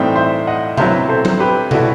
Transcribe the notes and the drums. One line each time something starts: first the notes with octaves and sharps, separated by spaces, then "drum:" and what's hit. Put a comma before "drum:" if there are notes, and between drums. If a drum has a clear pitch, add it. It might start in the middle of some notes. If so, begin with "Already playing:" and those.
Already playing: A2 E3 G3 C4 D#4 C5 E5
C5 E5
D#5 F#5
C3 F#3 B3 E4 C5 E5, drum: tom C3
A4 C5
drum: tom F#3
G4 B4
B2 G3 B3 E4 F#4 A4, drum: tom C3